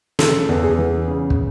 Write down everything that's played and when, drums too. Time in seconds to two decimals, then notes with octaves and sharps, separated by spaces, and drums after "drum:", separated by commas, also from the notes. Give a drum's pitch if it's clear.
0.19 C#3 A4, drum: snare
0.49 E2
0.63 G#4
0.78 E3
1.08 C#3
1.30 drum: kick